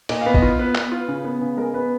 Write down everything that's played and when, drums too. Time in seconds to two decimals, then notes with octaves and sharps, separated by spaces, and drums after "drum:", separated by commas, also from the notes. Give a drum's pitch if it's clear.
0.09 A#2 D#5, drum: cymbal
0.21 F5
0.26 B3
0.34 D#5, drum: kick
0.42 F4
0.59 B3 B4
0.75 B3, drum: clap
0.92 F4
1.08 C#3
1.25 B3
1.41 C#3
1.57 G#3 A#4
1.74 B3 B4